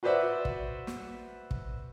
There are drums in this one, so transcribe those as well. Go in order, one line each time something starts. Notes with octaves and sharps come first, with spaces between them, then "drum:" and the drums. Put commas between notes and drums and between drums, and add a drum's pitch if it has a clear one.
F#4 B4 C5 D5 E5 F#5
drum: kick
drum: snare
drum: kick